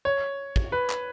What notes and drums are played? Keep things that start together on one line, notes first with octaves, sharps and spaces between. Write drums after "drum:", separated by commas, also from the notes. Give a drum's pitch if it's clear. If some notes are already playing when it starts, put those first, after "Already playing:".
C#5
drum: kick
B4
drum: clap